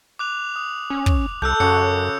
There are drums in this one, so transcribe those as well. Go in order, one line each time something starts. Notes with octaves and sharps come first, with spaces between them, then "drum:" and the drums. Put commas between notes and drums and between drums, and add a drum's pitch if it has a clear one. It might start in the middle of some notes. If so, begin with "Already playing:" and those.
D6 F#6 F7
D#6
C#4
drum: kick
C2 A4 E6 F#6 G6
F#2 C#3 F#4 D6 C#7